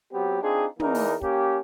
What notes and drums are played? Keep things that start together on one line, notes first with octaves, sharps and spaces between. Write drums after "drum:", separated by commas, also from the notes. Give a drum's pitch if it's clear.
F#3 B3 C4 G4
C4 D4 D#4 F4 G#4
E2 E3 A#3 D#4 A#4, drum: tom
drum: open hi-hat
A#3 C#4 G4, drum: kick